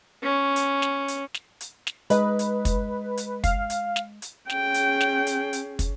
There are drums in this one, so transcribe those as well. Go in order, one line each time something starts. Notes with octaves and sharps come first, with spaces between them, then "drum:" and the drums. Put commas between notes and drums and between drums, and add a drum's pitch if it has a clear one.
C#4
drum: hi-hat
drum: snare
drum: hi-hat
drum: snare
drum: hi-hat
drum: snare
G#3 B4 D#5, drum: hi-hat
drum: hi-hat
drum: kick, hi-hat
drum: hi-hat
F5, drum: kick, hi-hat
drum: hi-hat
drum: snare
drum: hi-hat
C#4 G#4 G5, drum: snare
drum: hi-hat
drum: snare
drum: hi-hat
drum: hi-hat
drum: kick, hi-hat